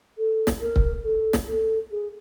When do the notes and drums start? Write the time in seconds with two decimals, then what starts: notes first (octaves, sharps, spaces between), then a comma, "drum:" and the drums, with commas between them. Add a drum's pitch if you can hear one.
0.18 A4
0.47 drum: snare
0.61 A#4
0.76 drum: kick C#1
1.04 A4
1.33 drum: snare
1.48 A4
1.91 G#4